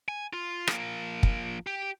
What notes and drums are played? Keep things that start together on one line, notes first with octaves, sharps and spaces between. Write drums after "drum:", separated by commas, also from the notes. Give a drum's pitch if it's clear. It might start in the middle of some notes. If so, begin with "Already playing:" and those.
G#5
F4
F3 A#3, drum: rim click
drum: kick
G4